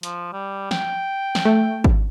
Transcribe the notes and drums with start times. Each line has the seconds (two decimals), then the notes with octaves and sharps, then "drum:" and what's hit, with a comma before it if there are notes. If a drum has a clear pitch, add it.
0.03 F3, drum: hi-hat
0.33 G3
0.71 G5, drum: snare
1.35 drum: snare
1.45 A3
1.84 drum: kick G#1